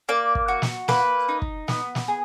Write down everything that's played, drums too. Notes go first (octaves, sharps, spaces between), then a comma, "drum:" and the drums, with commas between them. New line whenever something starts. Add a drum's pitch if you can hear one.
A#3 D5
drum: kick
F#4
drum: snare
A#3 B4, drum: snare
D#4
drum: kick
B3, drum: snare
drum: snare
G#4